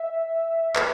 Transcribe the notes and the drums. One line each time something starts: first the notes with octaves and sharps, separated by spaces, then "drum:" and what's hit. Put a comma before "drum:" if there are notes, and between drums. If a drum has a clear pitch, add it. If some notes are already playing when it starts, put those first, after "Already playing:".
Already playing: E5
B4, drum: clap